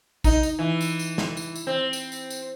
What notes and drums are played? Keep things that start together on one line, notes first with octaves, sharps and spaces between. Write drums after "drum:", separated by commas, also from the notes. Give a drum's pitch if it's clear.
D#4, drum: kick A1, tambourine
drum: tambourine
E3
drum: tambourine
drum: tambourine
drum: snare
drum: tambourine
drum: tambourine
C4
drum: tambourine
drum: tambourine
drum: tambourine